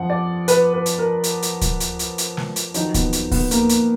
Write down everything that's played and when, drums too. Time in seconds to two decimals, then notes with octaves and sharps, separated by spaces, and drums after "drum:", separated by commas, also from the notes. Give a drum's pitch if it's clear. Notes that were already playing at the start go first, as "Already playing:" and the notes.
Already playing: F2 F3 F#5
0.10 D5
0.48 B4, drum: hi-hat
0.74 B4
0.86 drum: hi-hat
0.98 A#4
1.24 drum: hi-hat
1.43 drum: hi-hat
1.62 drum: kick D2, hi-hat
1.80 drum: hi-hat
1.99 drum: hi-hat
2.18 drum: hi-hat
2.37 drum: snare
2.56 drum: hi-hat
2.74 F2 D#3 F#3 D#4, drum: hi-hat
2.94 B3, drum: kick D2, hi-hat
3.13 drum: hi-hat
3.31 B3, drum: kick D2, open hi-hat
3.51 A#3, drum: hi-hat
3.69 drum: hi-hat